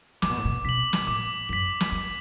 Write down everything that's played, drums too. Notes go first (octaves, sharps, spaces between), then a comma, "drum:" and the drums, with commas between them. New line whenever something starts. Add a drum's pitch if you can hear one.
D3 D6, drum: snare
B2
A2
B2
B2 B6 F#7
drum: snare
A2 D6
F#2 B6 F#7
drum: snare
F#3 D6